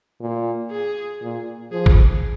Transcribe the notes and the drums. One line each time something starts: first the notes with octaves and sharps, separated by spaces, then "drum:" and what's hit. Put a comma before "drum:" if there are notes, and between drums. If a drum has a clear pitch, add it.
A#2
G#4
A#2
F3 G#4
drum: kick G#1